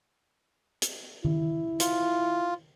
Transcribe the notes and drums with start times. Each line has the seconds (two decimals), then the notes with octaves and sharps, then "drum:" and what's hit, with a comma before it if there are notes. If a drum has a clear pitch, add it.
0.82 drum: hi-hat
1.25 E4, drum: tom D#3
1.80 F4, drum: hi-hat